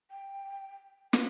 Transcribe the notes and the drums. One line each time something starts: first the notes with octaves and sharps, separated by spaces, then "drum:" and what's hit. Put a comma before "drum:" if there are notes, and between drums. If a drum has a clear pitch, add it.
G5
B4, drum: snare